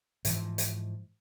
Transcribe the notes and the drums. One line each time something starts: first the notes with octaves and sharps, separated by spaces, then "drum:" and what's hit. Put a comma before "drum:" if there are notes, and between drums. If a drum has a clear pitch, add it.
G#2 E3 F3, drum: hi-hat
drum: hi-hat